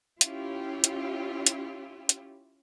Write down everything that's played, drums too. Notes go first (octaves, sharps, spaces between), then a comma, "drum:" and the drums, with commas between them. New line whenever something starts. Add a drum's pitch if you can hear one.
C#4 E4 F4 G4, drum: hi-hat
drum: hi-hat
drum: hi-hat
drum: hi-hat